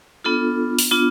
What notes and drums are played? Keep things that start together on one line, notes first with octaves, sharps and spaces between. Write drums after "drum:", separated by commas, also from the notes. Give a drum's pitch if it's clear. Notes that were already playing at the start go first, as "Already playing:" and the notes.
B3 D4 F4 A4
drum: open hi-hat
B3 D4 F4